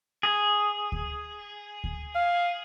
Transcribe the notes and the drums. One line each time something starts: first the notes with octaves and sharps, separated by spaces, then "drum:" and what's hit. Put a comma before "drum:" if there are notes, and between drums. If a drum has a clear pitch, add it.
G#4
drum: kick D2
drum: kick D2
F5